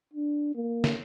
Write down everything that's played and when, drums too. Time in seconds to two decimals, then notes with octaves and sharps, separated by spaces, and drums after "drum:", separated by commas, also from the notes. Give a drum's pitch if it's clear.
0.13 D4
0.55 A#3
0.84 drum: snare